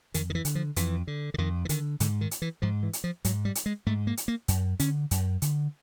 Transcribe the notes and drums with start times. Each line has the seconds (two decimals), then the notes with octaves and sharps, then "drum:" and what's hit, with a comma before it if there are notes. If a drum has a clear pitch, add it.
0.14 F2 D#3, drum: hi-hat
0.30 D#3
0.35 E3
0.45 D3, drum: hi-hat
0.55 F3
0.76 F2 E3, drum: hi-hat
1.07 D3
1.34 D3
1.38 F2 D#3
1.65 E3
1.69 D3 D#3, drum: hi-hat
2.00 G#2 D3, drum: hi-hat
2.21 D#3
2.31 drum: hi-hat
2.42 E3
2.62 G#2 F3
2.83 E3
2.93 drum: hi-hat
3.04 F3
3.24 G#2 F#3, drum: hi-hat
3.45 G3
3.55 drum: hi-hat
3.66 G#3
3.86 G#2 A3
4.07 A#3
4.17 drum: hi-hat
4.28 A#3
4.48 F#2, drum: hi-hat
4.79 D3 C#4, drum: hi-hat
5.11 F#2, drum: hi-hat
5.42 D3, drum: hi-hat